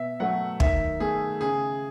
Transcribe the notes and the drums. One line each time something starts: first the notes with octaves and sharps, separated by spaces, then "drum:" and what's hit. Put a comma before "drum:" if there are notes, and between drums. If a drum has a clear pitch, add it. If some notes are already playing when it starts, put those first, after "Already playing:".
Already playing: B2 E5
F#3 A3 F#5
D#3 E5, drum: kick
A3 G#4
C#3 G#4